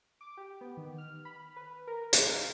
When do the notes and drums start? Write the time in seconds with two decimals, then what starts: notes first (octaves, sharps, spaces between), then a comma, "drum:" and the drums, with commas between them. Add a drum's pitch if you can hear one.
0.21 D6
0.37 G4
0.61 B3
0.77 D#3
0.98 F6
1.25 B5
1.56 B4
1.87 A#4
2.13 C7, drum: hi-hat
2.31 F5